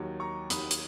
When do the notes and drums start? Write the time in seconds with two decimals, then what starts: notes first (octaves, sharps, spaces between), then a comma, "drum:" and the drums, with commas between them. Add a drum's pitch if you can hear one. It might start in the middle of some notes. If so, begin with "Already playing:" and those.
Already playing: D#2 D#3 F#3
0.20 A#5 C#6
0.50 D#2 D#3 F#3 B5 D#6, drum: hi-hat
0.71 drum: hi-hat